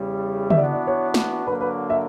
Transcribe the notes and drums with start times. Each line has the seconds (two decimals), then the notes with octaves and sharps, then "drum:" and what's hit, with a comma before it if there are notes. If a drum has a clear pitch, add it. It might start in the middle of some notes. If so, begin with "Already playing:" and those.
Already playing: E2 C#3 G3
0.50 E5, drum: tom C#3
0.57 E3 B3 D4 F#4 D5
0.73 D5
0.87 C#5
1.14 drum: snare
1.46 D3 F#3 A#3 B4
1.61 B4
1.90 E5